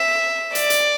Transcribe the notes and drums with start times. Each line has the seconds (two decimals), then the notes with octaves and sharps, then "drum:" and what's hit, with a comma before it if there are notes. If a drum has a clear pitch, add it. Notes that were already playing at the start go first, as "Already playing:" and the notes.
Already playing: E5
0.55 D5, drum: hi-hat
0.70 drum: hi-hat